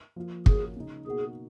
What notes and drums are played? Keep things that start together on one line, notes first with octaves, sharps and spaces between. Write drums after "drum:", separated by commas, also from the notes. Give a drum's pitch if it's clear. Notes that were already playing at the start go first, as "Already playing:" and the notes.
F3 A#3 F4
F3 A#3 C#4 F#4 G#4, drum: kick
C#3 G#3 D#4
B2 A#3 D#4 F#4 G#4